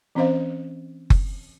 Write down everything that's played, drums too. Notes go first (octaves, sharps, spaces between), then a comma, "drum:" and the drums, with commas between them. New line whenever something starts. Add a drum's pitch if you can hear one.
E3 C4 C#4 C5 D#5 F5
drum: kick F#1